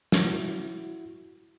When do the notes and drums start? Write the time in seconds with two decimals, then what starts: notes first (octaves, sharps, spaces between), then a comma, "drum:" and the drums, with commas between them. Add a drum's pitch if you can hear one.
0.12 E4 F#4, drum: snare